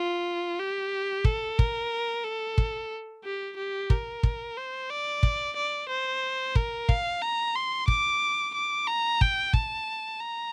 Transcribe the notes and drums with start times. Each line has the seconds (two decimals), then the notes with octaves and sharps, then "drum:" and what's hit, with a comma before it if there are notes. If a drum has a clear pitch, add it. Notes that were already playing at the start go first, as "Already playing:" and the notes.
Already playing: F4
0.59 G4
1.25 A4, drum: kick
1.59 A#4, drum: kick
2.24 A4
2.58 drum: kick
3.24 G4
3.57 G4
3.90 A#4, drum: kick
4.23 drum: kick
4.57 C5
4.90 D5
5.23 drum: kick
5.56 D5
5.89 C5
6.55 A#4, drum: kick
6.89 F5, drum: kick
7.22 A#5
7.55 C6
7.88 D6, drum: kick
8.54 D6
8.87 A#5
9.21 G5, drum: kick
9.54 A5, drum: kick
10.20 A#5